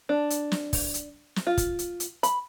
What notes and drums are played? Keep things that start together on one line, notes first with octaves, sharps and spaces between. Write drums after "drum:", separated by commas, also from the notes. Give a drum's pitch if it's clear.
D4
drum: hi-hat
drum: snare
drum: kick, open hi-hat
drum: hi-hat
drum: snare
F4
drum: kick, hi-hat
drum: hi-hat
drum: hi-hat
B5, drum: hi-hat